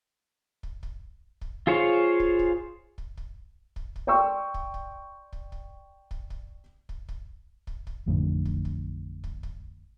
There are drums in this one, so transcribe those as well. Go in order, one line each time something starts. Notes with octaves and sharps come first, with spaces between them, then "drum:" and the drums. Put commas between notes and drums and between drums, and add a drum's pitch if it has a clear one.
drum: kick
drum: kick
drum: kick
F4 G#4 C5 C#5 F5
drum: kick
drum: kick
drum: kick
drum: kick
drum: kick
drum: kick
D5 G5 C6 C#6 E6
drum: kick
drum: kick
drum: kick
drum: kick
drum: kick
drum: kick
drum: kick
drum: kick
drum: kick
drum: kick
A1 F2 A2 D3
drum: kick
drum: kick
drum: kick
drum: kick